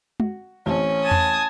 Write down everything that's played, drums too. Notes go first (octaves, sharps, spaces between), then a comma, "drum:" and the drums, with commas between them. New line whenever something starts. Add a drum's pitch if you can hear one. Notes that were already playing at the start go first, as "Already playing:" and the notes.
F#4, drum: tom G#3
A1 C4 C#4
G#5 A5 D#6
drum: tom E2